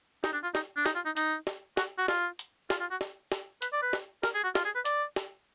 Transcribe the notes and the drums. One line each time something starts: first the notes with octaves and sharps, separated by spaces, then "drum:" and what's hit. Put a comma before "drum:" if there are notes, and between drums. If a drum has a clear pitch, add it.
D#4, drum: snare
D4
F4
D#4, drum: snare
D4
D#4, drum: snare
F4
D#4
D#4, drum: hi-hat
drum: snare
F#4, drum: snare
F#4
F4, drum: snare
drum: hi-hat
F4, drum: snare
F4
F#4
drum: snare
drum: snare
B4, drum: hi-hat
D5
B4
drum: snare
A#4, drum: snare
G#4
F#4
F4, drum: snare
G#4
B4
D5, drum: hi-hat
drum: snare